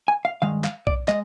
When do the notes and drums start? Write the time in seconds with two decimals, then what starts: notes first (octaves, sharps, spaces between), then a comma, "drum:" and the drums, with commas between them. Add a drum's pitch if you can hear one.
0.08 G#5
0.25 F5
0.42 G2 D#3 G#3 F5
0.64 F5, drum: clap
0.87 D5, drum: kick B1
1.08 G#3 D#5, drum: clap